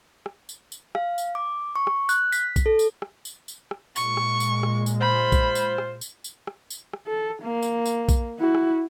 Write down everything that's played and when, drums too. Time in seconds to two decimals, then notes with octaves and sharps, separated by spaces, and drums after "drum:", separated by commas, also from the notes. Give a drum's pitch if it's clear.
0.26 drum: rim click
0.49 drum: tambourine
0.72 drum: tambourine
0.95 F5, drum: rim click
1.18 drum: tambourine
1.35 D6
1.76 C#6
1.87 drum: rim click
2.09 F#6, drum: tambourine
2.32 B6, drum: tambourine
2.56 drum: kick A#1, tambourine
2.66 A4
2.79 drum: tambourine
3.02 drum: rim click
3.25 drum: tambourine
3.48 drum: tambourine
3.71 drum: rim click
3.96 A#2 G#3 C#6, drum: tambourine
4.17 drum: rim click
4.40 drum: tambourine
4.63 drum: rim click
4.86 drum: tambourine
5.01 F4 C5 B5
5.32 drum: kick A#1, tambourine
5.55 drum: tambourine
5.78 drum: rim click
6.01 drum: tambourine
6.24 drum: tambourine
6.47 drum: rim click
6.70 drum: tambourine
6.93 drum: rim click
7.07 A4
7.43 A#3
7.63 drum: tambourine
7.86 drum: tambourine
8.09 drum: kick A#1, tambourine
8.39 E4 F#4
8.55 drum: rim click